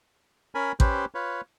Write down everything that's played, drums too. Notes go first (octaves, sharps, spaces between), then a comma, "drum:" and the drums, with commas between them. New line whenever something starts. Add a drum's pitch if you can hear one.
C#4 A#4 G#5 B5
C#4 G4 B4 C5, drum: kick A1
F4 B4 C#5